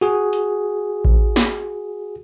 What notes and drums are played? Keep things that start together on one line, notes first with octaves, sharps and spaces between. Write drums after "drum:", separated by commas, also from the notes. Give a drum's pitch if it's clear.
F#4 G#4
drum: hi-hat
drum: kick A1
drum: snare